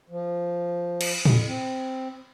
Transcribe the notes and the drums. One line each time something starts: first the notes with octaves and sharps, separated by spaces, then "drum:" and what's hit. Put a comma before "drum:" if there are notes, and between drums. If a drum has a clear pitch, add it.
F3
drum: cymbal
F2, drum: tom A2
C4